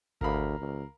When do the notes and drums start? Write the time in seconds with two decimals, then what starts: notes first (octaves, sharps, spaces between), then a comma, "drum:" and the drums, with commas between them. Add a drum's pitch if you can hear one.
0.21 D2 A#4 F5 B5, drum: kick G#1
0.59 C#2